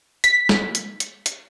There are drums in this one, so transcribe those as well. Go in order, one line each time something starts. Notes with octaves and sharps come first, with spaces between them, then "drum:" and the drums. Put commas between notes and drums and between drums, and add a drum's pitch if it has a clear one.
B6, drum: hi-hat
drum: snare
drum: hi-hat
drum: hi-hat
drum: hi-hat